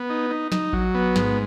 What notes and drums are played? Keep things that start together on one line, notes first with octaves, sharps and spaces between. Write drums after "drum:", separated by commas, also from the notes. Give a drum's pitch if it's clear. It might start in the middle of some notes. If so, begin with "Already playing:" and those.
Already playing: B3
D#4
D#4
D#4, drum: snare
F#3, drum: kick A1
B3
G#2, drum: snare